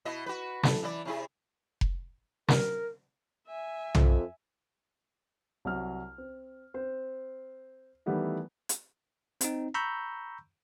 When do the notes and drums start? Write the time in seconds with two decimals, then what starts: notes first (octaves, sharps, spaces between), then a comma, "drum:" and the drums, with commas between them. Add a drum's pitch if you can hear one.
0.05 B2 E4 D#5
0.26 F#4 B4
0.63 E3 A4, drum: snare
0.83 E3 E4 D5
1.05 C3 E4 G#4
1.81 drum: kick F1
2.48 A#4, drum: snare
3.47 E5 G#5
3.95 F2, drum: tom B1
5.65 C2 F#3 F6
6.18 C4
6.74 C4 C5
8.06 D#3 E3 G3 A3 B3 E4
8.69 drum: hi-hat
9.41 C4 D#4, drum: hi-hat
9.74 A#5 B5 C#6 E6 G6